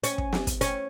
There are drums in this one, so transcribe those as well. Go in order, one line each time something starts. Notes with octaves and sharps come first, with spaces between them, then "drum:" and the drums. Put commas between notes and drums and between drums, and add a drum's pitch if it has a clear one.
C#4, drum: hi-hat
drum: kick
drum: snare
drum: kick, hi-hat
C#4, drum: hi-hat